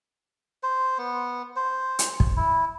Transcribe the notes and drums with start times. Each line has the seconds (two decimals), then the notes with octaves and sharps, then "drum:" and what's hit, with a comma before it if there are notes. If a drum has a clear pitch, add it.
0.63 C5
0.98 B3
1.56 C5
1.99 drum: hi-hat
2.20 drum: kick
2.37 E4